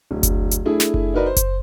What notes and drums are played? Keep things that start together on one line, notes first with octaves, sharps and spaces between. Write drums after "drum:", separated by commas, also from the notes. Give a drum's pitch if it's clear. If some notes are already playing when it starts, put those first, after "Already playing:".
D1
drum: kick F#1, hi-hat
drum: hi-hat
A3 D4 E4 G#4
drum: snare
drum: kick F#1
D#4 F#4 A#4 B4 D5
C5
drum: kick F#1, hi-hat